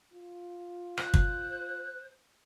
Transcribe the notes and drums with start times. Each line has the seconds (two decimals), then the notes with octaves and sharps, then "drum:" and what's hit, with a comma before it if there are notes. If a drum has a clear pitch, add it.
0.14 F4
0.97 C5 F#6, drum: rim click
1.14 drum: kick